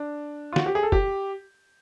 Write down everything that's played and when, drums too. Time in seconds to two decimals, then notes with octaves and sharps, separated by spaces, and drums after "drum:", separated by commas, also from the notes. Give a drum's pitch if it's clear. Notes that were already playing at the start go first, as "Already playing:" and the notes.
Already playing: D4
0.53 F4
0.56 F#4, drum: snare
0.66 G4
0.75 G#4
0.83 A4
0.92 G4, drum: kick